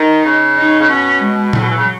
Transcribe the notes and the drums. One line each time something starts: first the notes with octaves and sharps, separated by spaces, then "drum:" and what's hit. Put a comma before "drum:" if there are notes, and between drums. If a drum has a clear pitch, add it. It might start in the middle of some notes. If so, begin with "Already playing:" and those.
Already playing: D#3 D#4
C#3
D#4
C#3
B2 C#4
G#3
A2 F#3, drum: tom A#2
B2
E3
C#3